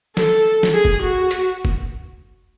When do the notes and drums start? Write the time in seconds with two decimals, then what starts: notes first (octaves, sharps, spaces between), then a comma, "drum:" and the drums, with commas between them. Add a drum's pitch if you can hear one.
0.17 A4, drum: snare
0.63 drum: snare
0.74 G#4
0.85 drum: kick F1
1.03 F#4
1.31 drum: hi-hat
1.65 drum: kick F1